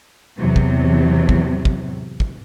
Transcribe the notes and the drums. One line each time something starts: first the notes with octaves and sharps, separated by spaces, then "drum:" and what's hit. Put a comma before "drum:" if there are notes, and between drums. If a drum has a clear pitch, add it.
E2 C3 F#3
drum: kick
drum: kick
drum: kick
drum: kick